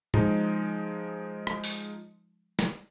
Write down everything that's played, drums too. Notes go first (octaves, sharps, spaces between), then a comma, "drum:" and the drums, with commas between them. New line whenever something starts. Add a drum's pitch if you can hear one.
F3 G#3 D#4, drum: tom
drum: rim click
drum: open hi-hat
drum: snare